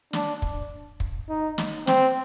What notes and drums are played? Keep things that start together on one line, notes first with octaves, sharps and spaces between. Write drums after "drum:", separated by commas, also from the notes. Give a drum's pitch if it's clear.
D4, drum: snare
drum: kick
drum: kick
D#4
drum: snare
C4, drum: snare